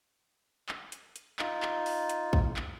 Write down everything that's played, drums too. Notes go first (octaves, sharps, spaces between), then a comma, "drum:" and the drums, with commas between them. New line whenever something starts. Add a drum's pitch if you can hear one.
drum: clap
drum: hi-hat
drum: hi-hat
D#4 F4, drum: clap
drum: clap
drum: open hi-hat
drum: hi-hat
drum: kick
drum: clap